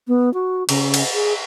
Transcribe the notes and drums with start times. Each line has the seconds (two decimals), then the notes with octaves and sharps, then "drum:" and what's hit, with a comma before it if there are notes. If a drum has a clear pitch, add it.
0.08 B3
0.34 F#4
0.69 C#3, drum: cymbal
0.94 drum: cymbal
1.14 G#4